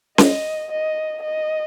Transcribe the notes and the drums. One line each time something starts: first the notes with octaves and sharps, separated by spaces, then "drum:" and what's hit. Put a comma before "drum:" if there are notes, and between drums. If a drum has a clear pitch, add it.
D#5, drum: snare C#4
D#5
D#5